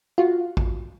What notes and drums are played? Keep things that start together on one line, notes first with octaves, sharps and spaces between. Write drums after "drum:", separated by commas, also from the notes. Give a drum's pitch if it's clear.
F4 F#4
drum: kick